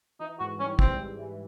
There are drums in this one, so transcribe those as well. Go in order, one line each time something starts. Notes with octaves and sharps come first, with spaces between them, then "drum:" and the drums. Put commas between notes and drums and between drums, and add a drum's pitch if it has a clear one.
E3 D#4
G#2 F#4
G3 C#4
E3 C4, drum: kick
G#2
E3